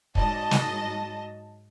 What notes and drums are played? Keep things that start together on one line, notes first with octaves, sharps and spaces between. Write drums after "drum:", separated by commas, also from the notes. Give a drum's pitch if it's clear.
G#2 F#3 D#5 A5, drum: kick
drum: snare